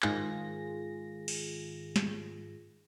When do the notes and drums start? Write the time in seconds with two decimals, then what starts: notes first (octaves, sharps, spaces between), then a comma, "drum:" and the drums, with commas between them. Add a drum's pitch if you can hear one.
0.02 G#2 D#3 F4 G#4 A#6, drum: clap
1.28 drum: cymbal
1.96 drum: snare